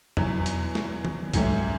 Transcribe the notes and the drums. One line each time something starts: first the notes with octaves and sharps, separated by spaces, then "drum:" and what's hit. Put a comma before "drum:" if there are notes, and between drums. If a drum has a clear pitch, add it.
E2 B2 F#3, drum: tom E2
drum: hi-hat
drum: snare
drum: tom D#3
G#2 F#3 A3 C#4, drum: kick C2, hi-hat